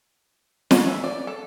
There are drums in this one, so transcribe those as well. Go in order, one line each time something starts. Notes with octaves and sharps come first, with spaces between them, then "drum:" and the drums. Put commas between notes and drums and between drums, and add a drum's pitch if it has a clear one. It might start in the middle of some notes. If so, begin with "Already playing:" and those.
C#4, drum: snare
E5
D5
A4